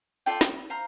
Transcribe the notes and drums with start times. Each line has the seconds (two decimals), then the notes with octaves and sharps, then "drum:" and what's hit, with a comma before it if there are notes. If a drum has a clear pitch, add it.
0.26 F4 A4 D5 G5
0.41 drum: snare
0.70 C5 F5 A#5